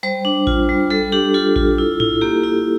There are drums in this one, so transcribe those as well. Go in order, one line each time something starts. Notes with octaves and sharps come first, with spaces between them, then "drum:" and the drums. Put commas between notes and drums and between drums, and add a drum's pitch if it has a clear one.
G3 C5
D4
F4, drum: kick A1
G3
G3 A4
D4 G4
F4 A4
F4, drum: kick A1
E4
E4, drum: tom G#2
A#3 G4
E4